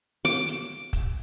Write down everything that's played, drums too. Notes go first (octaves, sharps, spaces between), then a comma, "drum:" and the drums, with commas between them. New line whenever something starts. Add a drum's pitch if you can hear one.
D6
drum: hi-hat
drum: kick, hi-hat